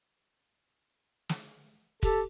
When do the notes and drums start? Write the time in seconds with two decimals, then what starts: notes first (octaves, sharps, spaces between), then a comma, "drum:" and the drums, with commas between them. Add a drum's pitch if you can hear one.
1.29 drum: snare
2.03 G4 A4, drum: kick